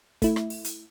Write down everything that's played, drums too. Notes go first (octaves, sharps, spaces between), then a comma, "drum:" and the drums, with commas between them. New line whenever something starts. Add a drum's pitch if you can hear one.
A3 E4, drum: kick, hi-hat
drum: rim click
drum: open hi-hat
drum: hi-hat